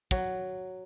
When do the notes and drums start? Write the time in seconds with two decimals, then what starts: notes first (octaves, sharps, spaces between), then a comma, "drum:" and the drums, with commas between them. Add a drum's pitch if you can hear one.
0.11 F#3, drum: kick